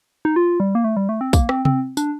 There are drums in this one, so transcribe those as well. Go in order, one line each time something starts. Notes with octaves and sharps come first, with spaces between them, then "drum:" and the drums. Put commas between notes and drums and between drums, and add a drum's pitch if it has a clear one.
D#4
F4
G3
A#3
A3
G3
A3
C4
A#3, drum: kick, tambourine
C4, drum: rim click
C4, drum: tom C3
D4, drum: tambourine